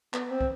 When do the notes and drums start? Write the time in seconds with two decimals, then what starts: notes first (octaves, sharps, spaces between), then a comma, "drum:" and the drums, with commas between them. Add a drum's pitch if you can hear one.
0.14 B3, drum: clap
0.31 C4
0.41 drum: kick